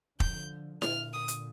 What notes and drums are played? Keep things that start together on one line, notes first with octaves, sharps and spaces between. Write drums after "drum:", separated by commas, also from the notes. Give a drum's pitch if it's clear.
D3 F3 G6, drum: kick
A#2 D3 F6, drum: snare E4
D#6
drum: hi-hat